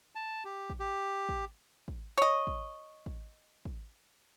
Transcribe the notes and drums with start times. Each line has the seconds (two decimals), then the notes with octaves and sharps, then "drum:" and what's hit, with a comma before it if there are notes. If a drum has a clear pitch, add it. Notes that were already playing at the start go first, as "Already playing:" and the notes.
0.15 A5
0.45 G4
0.70 drum: kick
0.80 G4
1.29 drum: kick
1.88 drum: kick
2.18 C#5 D#5
2.47 drum: kick
3.06 drum: kick
3.65 drum: kick